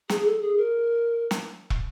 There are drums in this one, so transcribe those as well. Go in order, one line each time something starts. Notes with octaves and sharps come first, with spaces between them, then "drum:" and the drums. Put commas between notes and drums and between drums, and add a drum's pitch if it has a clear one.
G#4, drum: snare
A4
G#4
A#4
drum: snare
drum: kick